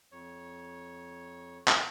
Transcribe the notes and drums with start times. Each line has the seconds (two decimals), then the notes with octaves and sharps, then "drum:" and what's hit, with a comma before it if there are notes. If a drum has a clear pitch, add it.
0.12 F2 C#5
1.68 drum: clap